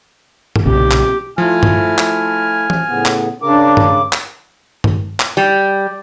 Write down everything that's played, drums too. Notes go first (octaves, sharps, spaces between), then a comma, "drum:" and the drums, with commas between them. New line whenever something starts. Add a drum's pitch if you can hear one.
drum: tom G2
B1 A#2 C#3 G4
drum: clap
F3 A3 E4 G#5 F6
drum: tom G2
drum: clap
drum: tom E3
A2 C#3 B3
drum: clap
C#3 D4 A#4 D6
drum: tom G2
drum: clap
drum: tom G2
drum: clap
G3